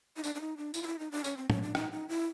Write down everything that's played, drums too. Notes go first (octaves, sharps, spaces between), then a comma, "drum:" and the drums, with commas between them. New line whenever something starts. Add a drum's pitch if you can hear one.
D#4
D4, drum: tambourine
D4
D#4
D4
E4, drum: tambourine
F4
E4
D#4
D4
C#4, drum: tambourine
C4
C#4, drum: tom
D4
D#4, drum: rim click
D#4
E4